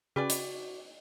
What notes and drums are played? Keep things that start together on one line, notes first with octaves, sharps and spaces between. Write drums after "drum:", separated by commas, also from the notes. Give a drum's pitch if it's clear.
C#3 F#4 G4 B4 D5
drum: hi-hat